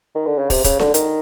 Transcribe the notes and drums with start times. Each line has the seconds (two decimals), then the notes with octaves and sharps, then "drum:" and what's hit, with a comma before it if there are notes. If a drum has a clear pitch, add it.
0.15 D#3
0.26 D3
0.38 C#3
0.50 C3, drum: kick, open hi-hat
0.64 C#3, drum: kick, hi-hat
0.79 D3, drum: snare D4
0.94 D#3, drum: hi-hat